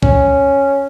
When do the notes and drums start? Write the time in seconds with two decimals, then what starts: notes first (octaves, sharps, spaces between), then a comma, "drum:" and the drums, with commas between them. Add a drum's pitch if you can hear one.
0.03 C#4, drum: kick